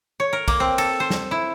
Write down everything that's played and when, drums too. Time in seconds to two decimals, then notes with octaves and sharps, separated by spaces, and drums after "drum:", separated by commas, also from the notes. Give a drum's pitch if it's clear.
0.20 C#5
0.33 A#4
0.48 A#3, drum: kick, cymbal
0.60 C4
0.78 A4, drum: cymbal
1.00 C5
1.10 drum: snare
1.31 E4